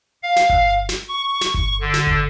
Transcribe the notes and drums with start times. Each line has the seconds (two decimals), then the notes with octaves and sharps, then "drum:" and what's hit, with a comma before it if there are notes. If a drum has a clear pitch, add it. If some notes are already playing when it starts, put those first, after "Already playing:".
0.22 F5
0.36 drum: snare
0.49 drum: kick G1
0.89 drum: snare
1.08 C#6
1.41 drum: snare
1.54 drum: kick G1
1.81 D3
1.94 drum: snare
2.07 drum: kick G1